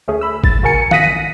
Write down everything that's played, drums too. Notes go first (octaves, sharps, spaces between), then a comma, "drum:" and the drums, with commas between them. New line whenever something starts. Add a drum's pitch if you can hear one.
D2 A3 C#4 G#4
B5 E6
D2 A6, drum: kick
C#3 F#4 A#4 G#5 C#7
F5 D#6 F#6 A#6 B6 D#7, drum: tom D#3